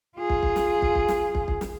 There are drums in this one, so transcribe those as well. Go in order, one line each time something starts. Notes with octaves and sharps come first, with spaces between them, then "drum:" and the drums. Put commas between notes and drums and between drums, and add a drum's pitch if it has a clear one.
F4 G#4
drum: kick
drum: kick
drum: snare
drum: kick
drum: kick
drum: snare
drum: kick
drum: kick
drum: snare